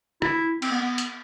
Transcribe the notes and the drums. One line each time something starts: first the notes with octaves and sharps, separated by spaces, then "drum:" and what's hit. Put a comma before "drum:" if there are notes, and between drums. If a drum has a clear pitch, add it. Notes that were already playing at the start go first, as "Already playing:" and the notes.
E4, drum: rim click
C4, drum: cymbal
B3
B3
drum: hi-hat